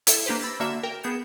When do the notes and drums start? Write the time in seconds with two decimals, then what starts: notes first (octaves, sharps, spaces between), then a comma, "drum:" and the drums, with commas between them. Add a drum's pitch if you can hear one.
0.07 E4 A4 E5, drum: hi-hat
0.26 A#3 D4 G4 B4 C5
0.40 B5 E6 A6 A#6
0.60 D3 A#3 F#4 E5 E7
0.83 A#4 G5
1.03 B3 G#4 G6 C#7 E7